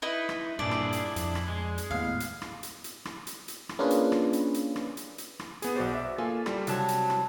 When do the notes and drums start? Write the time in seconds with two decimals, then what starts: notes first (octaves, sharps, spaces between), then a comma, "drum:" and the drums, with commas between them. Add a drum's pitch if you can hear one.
0.02 D#4 E4 B4
0.29 drum: rim click
0.59 G2 A#2 D4 E4 G#4 D5
0.71 drum: rim click
0.93 drum: hi-hat
1.16 F2, drum: hi-hat
1.35 drum: rim click
1.48 G#3
1.78 drum: hi-hat
1.91 D#2 A2 B3 F5
2.20 drum: hi-hat
2.42 drum: rim click
2.63 drum: hi-hat
2.84 drum: hi-hat
3.05 drum: rim click
3.27 drum: hi-hat
3.48 drum: hi-hat
3.69 drum: rim click
3.79 A#3 C#4 D4 F4 G#4 B4
3.91 drum: hi-hat
4.12 drum: rim click
4.33 drum: hi-hat
4.54 drum: hi-hat
4.76 drum: rim click
4.97 drum: hi-hat
5.18 drum: hi-hat
5.39 drum: rim click
5.62 B3 G#4, drum: hi-hat
5.76 B1 F#4 C5 D5
5.95 E5
6.18 A#3 F4 A4 G#5
6.46 G3, drum: rim click
6.67 C3 F#3 A5, drum: hi-hat
6.88 drum: hi-hat
7.10 drum: rim click